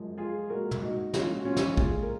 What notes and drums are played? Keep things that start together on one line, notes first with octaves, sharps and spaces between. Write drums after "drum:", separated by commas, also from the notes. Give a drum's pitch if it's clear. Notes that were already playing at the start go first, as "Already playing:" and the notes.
Already playing: F#2 F3 G#3
F4 G#4
A#2 G#3 F#4 A#4
drum: tom
D#4 F#4
A#2 F3 G#3 C#4 F4, drum: snare
F#4
C#4 F4
drum: snare
A#2 F3 G#3 F4 G#4, drum: kick
A#4